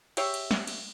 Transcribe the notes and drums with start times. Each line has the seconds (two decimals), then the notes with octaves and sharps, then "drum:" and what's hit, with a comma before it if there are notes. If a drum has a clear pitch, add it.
0.17 G4 G#4 C#5 E5, drum: cymbal
0.34 drum: cymbal
0.51 drum: snare
0.67 drum: cymbal